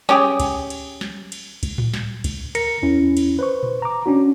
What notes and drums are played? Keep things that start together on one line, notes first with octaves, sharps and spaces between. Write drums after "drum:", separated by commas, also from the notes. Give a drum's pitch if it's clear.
C#4 G4 G#4, drum: snare
drum: kick C2, cymbal
drum: cymbal
drum: snare
drum: cymbal
drum: kick C2, cymbal
drum: tom A2
drum: snare
drum: kick C2, cymbal
A#4 A#6 C#7, drum: cymbal
E2 C#4 E4
drum: cymbal
B4 C5 C#6
drum: tom A#2
A#5 D6
C#4 D4 F#4